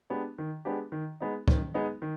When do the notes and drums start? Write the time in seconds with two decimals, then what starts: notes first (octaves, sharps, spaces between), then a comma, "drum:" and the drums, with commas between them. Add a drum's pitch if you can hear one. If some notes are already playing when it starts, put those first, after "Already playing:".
0.10 G#3 B3 D4 G4
0.38 D#3
0.65 G#3 B3 D4 G4
0.92 D#3
1.20 G#3 B3 D#4
1.48 D#3, drum: kick C#2
1.74 G#3 B3 D#4
2.02 D#3